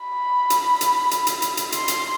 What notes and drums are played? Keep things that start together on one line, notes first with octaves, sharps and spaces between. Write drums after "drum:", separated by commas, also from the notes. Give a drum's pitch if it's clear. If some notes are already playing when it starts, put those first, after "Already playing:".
Already playing: B5
drum: hi-hat
drum: hi-hat
drum: hi-hat
drum: hi-hat
drum: hi-hat
drum: hi-hat
C6, drum: hi-hat
drum: hi-hat